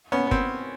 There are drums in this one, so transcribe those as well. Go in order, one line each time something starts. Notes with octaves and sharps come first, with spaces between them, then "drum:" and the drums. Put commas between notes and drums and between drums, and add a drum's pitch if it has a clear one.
B3 C#4
B3
C4, drum: kick G1